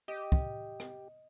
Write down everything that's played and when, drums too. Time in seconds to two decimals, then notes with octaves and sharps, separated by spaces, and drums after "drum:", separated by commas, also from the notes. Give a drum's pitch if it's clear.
0.08 G4 D#5
0.32 drum: kick
0.80 drum: rim click